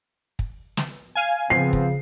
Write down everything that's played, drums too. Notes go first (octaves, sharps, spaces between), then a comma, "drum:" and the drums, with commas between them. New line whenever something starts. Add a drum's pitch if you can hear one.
drum: kick
drum: snare
F5 G#5
C#3 F3 B3 C4 C7
drum: kick